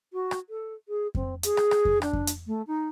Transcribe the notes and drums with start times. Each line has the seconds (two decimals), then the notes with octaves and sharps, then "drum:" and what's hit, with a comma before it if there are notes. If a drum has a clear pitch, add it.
0.13 F#4
0.31 drum: rim click
0.49 A4
0.88 G#4
1.15 C4, drum: kick F2
1.43 G#4, drum: hi-hat
1.57 drum: rim click
1.71 drum: rim click
1.85 drum: kick F2
2.02 D4, drum: rim click
2.13 drum: kick F2
2.27 drum: hi-hat
2.46 A3
2.67 D#4